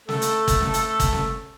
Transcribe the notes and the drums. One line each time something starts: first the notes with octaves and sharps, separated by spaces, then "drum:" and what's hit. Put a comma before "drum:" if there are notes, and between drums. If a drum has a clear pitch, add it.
A3 A4, drum: snare
drum: hi-hat
drum: kick, hi-hat
drum: snare
drum: hi-hat
drum: kick, hi-hat
drum: snare